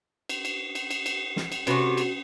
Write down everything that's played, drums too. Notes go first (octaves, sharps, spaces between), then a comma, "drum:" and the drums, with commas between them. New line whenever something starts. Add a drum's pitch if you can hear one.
drum: cymbal
drum: cymbal
drum: cymbal
drum: cymbal
drum: cymbal
drum: snare
drum: cymbal
C3 A3 C#4 F#4 B4, drum: cymbal
drum: cymbal